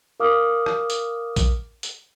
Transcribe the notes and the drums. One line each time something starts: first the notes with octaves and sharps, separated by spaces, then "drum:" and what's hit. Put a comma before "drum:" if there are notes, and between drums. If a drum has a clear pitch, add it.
A#4 F5 D6 D#6 F6
drum: rim click
drum: hi-hat
drum: kick A#1, hi-hat
drum: hi-hat